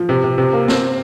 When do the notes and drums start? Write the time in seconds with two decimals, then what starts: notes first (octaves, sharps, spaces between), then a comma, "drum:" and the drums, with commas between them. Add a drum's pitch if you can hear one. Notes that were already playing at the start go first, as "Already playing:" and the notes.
Already playing: F3
0.09 C3
0.24 C3
0.38 C3
0.53 A#3
0.68 C4, drum: snare